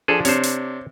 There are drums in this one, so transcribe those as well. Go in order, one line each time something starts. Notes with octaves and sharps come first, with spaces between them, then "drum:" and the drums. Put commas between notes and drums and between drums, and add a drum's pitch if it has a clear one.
F3 D4 G#4 A4
C3 D4 C5 C#5, drum: hi-hat
drum: hi-hat